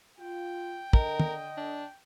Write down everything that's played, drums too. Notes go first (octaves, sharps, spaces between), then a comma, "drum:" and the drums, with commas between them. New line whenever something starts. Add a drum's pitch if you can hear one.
F4 G5
D3 A#4 D#5, drum: kick
drum: tom
D4